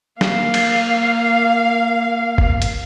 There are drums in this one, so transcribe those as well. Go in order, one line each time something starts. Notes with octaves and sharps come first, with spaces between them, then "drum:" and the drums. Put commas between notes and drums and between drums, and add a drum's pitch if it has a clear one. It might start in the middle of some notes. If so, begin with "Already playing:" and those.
A#3 F5, drum: snare
drum: cymbal
drum: kick
drum: hi-hat